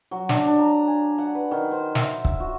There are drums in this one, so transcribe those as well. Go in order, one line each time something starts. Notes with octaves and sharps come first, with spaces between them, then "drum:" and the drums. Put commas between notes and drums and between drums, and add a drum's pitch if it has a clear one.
F#3
D4, drum: snare
D4
A#5
G#5
F#5
B4
D#3
C5
E5, drum: snare
drum: kick C#1
F#4